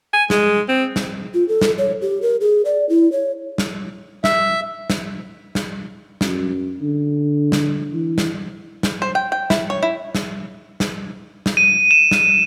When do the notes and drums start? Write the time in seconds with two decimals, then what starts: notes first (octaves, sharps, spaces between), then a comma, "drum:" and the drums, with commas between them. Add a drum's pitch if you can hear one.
0.13 G#5
0.30 G#3, drum: snare
0.69 C4
0.96 drum: snare
1.34 F4
1.48 A4
1.62 drum: snare
1.78 C#5
2.02 G4
2.22 A#4
2.41 G#4
2.65 D5
2.89 E4
3.12 C#5
3.58 drum: snare
4.24 E5, drum: snare
4.90 drum: snare
5.55 drum: snare
6.21 F#2, drum: snare
6.81 D3
7.52 drum: snare
7.93 E3
8.18 drum: snare
8.83 drum: snare
9.02 C5
9.15 G5
9.32 G5
9.50 E4, drum: snare
9.70 C#5
9.83 E4
10.15 drum: snare
10.80 drum: snare
11.46 drum: snare
11.57 D#7
11.91 E7
12.11 drum: snare